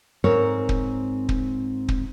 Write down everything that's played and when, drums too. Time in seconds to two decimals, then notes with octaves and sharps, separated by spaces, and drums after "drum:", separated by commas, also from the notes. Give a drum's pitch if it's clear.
0.24 G#2 C4 A#4 C#5
0.69 drum: kick
1.29 drum: kick
1.88 drum: kick